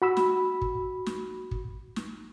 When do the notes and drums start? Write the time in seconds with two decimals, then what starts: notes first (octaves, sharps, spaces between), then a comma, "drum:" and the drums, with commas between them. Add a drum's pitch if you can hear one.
0.02 F#4 B5 E6
0.17 drum: snare
0.61 drum: kick
1.06 drum: snare
1.51 drum: kick
1.96 drum: snare